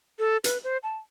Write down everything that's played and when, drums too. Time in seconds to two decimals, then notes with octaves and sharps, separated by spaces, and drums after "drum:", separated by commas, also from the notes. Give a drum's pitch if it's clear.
0.19 A4
0.44 B4, drum: hi-hat
0.64 C5
0.83 A5